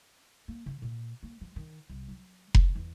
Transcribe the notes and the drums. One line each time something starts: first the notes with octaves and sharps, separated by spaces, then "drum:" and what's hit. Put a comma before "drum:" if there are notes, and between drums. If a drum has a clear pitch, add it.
A#3
C#3
A#2
A#3
F3
D#3
C2
F#3
D3, drum: kick F1
E2